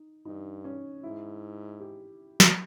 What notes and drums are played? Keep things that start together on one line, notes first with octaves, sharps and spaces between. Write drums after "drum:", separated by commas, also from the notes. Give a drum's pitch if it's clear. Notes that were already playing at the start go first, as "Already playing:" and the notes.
Already playing: D#4
G2 D#4
C#4
G#2 E4
G4
drum: snare